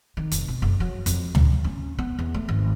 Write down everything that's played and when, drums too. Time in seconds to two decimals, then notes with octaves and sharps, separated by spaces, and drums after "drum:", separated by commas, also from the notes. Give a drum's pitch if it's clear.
0.17 D#3
0.31 F1, drum: hi-hat
0.48 B2
0.62 F#1
0.80 F#3
1.06 F2, drum: hi-hat
1.35 G3, drum: tom
1.64 C#4
1.99 B3
2.19 E2
2.34 A3
2.49 G#1